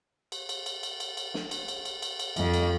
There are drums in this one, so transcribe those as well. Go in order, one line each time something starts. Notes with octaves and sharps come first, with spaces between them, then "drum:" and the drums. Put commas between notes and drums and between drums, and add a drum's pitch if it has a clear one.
drum: cymbal
drum: cymbal
drum: cymbal
drum: cymbal
drum: cymbal
drum: cymbal
drum: snare
drum: cymbal
drum: cymbal
drum: cymbal
drum: cymbal
drum: cymbal
F2, drum: cymbal
drum: cymbal